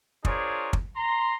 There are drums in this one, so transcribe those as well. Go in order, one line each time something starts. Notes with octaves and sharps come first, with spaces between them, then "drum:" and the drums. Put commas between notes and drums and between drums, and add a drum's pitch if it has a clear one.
D4 F4 G#4 A#4 C5 C#5, drum: kick
drum: kick
A#5 C6